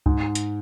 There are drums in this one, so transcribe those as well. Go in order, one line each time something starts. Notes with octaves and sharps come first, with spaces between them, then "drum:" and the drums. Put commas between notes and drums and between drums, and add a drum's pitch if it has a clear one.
G#2, drum: kick C#2
drum: hi-hat